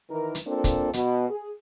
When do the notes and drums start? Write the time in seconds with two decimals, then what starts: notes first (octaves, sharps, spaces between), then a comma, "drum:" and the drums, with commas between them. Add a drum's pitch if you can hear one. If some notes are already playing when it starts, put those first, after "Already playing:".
0.10 D#3 E3 A#4
0.35 drum: hi-hat
0.47 A#3 C4 D4 F4 A4
0.64 drum: kick, hi-hat
0.93 B2, drum: hi-hat
1.30 G#4